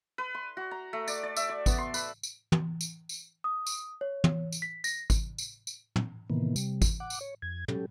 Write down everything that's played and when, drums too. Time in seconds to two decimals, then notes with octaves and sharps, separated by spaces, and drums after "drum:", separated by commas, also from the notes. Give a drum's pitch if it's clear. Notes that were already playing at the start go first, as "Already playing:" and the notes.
0.18 B4
0.35 C6
0.57 F#4
0.71 A#5
0.93 A3
1.08 D5, drum: tambourine
1.23 D5
1.37 E5, drum: tambourine
1.49 D5
1.66 B3, drum: kick G#1, tambourine
1.78 C6
1.94 B4, drum: tambourine
2.23 drum: tambourine
2.52 drum: tom
2.81 drum: tambourine
3.09 drum: tambourine
3.44 D#6
3.67 drum: tambourine
4.01 C#5
4.24 drum: tom
4.52 drum: tambourine
4.62 B6
4.84 A#6, drum: tambourine
5.10 drum: kick G#1, tambourine
5.38 drum: tambourine
5.67 drum: tambourine
5.96 drum: tom
6.30 A2 C3 D#3 E3 A#3 B3
6.56 C3 G3, drum: tambourine
6.82 drum: kick G#1, tambourine
7.00 F#5 D6
7.10 drum: tambourine
7.21 C#5
7.42 F2 G#6
7.68 F#3 C#4 G4 A4, drum: tom